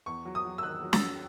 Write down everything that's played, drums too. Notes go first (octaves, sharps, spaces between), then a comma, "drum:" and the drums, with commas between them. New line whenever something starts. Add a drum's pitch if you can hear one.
E2 C#6
F#3
D#6
F#3
E6
D#3 F#6
F#3
A6, drum: snare
F#3